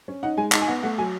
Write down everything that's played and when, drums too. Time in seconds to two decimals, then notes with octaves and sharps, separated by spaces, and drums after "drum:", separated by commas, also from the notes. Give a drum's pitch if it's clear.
0.08 C#4
0.23 D#4 F#5
0.37 G#3 G#5
0.52 D#4 A5, drum: clap
0.62 G#5
0.68 B3 F#5
0.83 A3 F#5
0.98 F#3 G#5